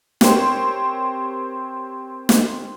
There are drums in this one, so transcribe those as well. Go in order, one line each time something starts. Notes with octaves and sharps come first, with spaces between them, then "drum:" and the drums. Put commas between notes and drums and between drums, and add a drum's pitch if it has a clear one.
C4 G4 A#4 C5 C#5, drum: snare
drum: snare